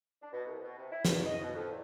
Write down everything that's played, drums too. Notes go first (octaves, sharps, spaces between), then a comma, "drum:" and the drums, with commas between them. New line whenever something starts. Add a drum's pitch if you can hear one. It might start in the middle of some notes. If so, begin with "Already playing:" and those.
D4
B2
C2
B2
C3
E4
E2, drum: snare
D#5
B2
F2
E2